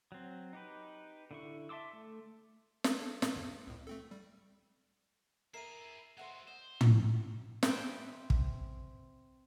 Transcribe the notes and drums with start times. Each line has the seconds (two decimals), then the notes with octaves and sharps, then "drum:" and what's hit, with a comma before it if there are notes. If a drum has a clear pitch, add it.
0.12 F#3 C4
0.53 D#4 G4 B4
1.31 D3 E4 C#6
1.69 E5 A5 C6 D6 E6
1.93 A3
2.84 drum: snare
3.01 D4 A4
3.22 A2, drum: snare
3.35 F2 G#2 D3
3.67 C#2 A2
3.87 A3 C4 A4
4.11 G3
5.54 E4 G#4 A#4 E5 C7 D#7
6.17 G#3 F#4 C5 E5 F#5
6.48 C5 D#5
6.81 drum: tom
7.63 C4 B4 E5 G5 G#5, drum: snare
8.30 drum: kick